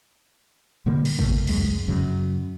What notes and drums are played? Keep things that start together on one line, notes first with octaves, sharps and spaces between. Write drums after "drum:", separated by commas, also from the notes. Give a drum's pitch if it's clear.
A#2 D3 G3 A#3
drum: cymbal
F2 C#3 A3 A#3, drum: kick
C#2 F#2 G#3, drum: cymbal
F#2 C#3 F#3